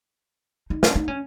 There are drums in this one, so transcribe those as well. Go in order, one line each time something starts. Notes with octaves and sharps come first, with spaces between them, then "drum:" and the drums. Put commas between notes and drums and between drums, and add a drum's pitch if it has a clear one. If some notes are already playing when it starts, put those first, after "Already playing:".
D#4
C#4, drum: snare
D#4
C#4